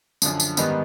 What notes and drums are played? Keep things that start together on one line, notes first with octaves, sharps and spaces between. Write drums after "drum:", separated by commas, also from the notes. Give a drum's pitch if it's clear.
F#2 D3 F3, drum: tambourine
drum: tambourine
G#2 D#3 G3 B3 D#4, drum: tambourine